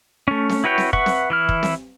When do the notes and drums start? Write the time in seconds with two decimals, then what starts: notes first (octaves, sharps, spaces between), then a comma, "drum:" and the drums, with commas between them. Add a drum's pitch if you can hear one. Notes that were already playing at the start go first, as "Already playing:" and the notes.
0.28 A3 C#4
0.50 drum: snare C4
0.64 E4 F#4 B4 C#5 G5
0.78 drum: snare C4
0.93 B4 E5 F#5 C#6, drum: kick
1.06 drum: snare C4
1.30 E3 E4 F6
1.49 drum: kick
1.63 drum: snare C4